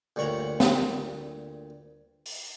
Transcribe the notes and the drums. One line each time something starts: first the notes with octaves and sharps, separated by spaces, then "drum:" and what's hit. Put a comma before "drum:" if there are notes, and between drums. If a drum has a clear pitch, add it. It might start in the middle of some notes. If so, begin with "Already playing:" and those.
D2 G2 A#2 C#5 F#5 A#5
drum: snare
drum: open hi-hat